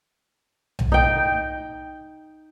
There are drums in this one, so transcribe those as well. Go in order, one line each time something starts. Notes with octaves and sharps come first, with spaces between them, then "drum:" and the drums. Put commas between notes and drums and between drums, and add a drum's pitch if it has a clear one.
drum: tom B1
D#4 G5